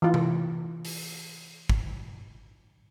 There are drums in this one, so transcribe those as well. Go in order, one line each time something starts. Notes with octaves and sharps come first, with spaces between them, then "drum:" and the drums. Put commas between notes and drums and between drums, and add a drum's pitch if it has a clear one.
E3 F4
drum: tom C3
drum: open hi-hat
drum: kick